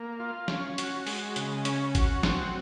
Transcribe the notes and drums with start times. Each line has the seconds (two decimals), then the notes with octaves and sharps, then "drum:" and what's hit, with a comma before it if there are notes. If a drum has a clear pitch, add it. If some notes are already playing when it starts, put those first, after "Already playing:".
Already playing: A#3
0.20 F4
0.48 C#4, drum: snare
0.78 F#4, drum: hi-hat
1.07 G#3, drum: open hi-hat
1.36 C#3, drum: hi-hat
1.65 C#4, drum: hi-hat
1.95 F#4, drum: kick G1, hi-hat
2.23 C4, drum: snare